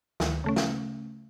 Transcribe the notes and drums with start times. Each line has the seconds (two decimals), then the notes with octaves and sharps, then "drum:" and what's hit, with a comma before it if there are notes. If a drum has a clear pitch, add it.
0.20 D2 D#3, drum: snare
0.44 C#3 A3 C#4
0.56 drum: snare